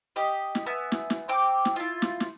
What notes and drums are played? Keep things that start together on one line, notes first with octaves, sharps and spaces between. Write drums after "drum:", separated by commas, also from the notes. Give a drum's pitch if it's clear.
G4 D#5
drum: snare
B3 E5 G#5 E6
drum: snare
drum: snare
C4 G5 D6
drum: snare
E4 F4
drum: snare
drum: snare